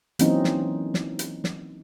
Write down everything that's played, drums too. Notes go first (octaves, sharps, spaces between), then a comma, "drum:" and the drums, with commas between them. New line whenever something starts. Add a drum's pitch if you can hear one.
E3 F#3 A#3 C4 C#4 D#4, drum: hi-hat
drum: snare
drum: snare
drum: hi-hat
drum: snare